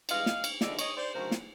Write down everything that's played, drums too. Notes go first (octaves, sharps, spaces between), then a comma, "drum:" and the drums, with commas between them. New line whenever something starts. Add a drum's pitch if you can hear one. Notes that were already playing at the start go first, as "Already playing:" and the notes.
G2 E3 G#3 D#5 F5, drum: cymbal
drum: snare
drum: cymbal
D#2 D3 F3 G#3 D5 E5, drum: snare
C#5 D#5, drum: cymbal
C5 D5
D2 C#3 F#3 A#4 C5
drum: snare